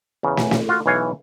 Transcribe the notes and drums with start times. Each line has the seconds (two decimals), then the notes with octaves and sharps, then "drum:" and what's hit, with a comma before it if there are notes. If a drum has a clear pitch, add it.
0.23 E2 C#3
0.37 drum: snare
0.51 drum: snare
0.69 F4 F#4
0.86 B1 E3 C#5 F5 G#5